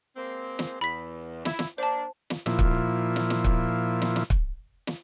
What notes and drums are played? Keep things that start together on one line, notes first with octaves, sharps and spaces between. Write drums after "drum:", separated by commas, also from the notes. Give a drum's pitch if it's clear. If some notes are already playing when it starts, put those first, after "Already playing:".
G#3 A#3 C4
drum: snare
E2 B5 B6
E4, drum: snare
drum: snare
A#3 D4 C5 A5
drum: snare
A#2 F3 E4, drum: snare
drum: kick
drum: snare
drum: snare
drum: kick
drum: snare
drum: snare
drum: kick
drum: snare